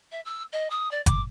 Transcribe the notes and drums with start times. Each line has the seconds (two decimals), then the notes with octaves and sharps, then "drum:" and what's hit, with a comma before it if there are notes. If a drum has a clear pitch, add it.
0.12 E5
0.25 E6
0.52 D#5
0.70 D#6
0.91 D5
1.06 D6, drum: kick G1, hi-hat